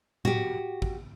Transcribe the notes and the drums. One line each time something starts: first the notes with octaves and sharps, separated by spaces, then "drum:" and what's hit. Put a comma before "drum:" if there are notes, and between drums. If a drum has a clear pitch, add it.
F#4 G4, drum: tom A2
drum: kick